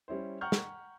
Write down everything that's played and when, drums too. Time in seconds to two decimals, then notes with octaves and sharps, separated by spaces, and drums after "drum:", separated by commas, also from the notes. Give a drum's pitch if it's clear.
0.08 G3 C#4 E4 C5
0.41 F#5 G5 A#5 C#6 F6 G6
0.52 drum: snare